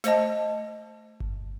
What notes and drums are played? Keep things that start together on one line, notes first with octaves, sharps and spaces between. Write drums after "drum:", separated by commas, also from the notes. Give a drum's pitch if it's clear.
A3 C5 D#5 A5, drum: snare
drum: kick G1